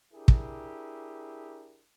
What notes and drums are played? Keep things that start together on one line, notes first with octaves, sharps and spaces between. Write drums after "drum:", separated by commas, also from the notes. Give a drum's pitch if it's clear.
D4 E4 G4 G#4 A#4
drum: kick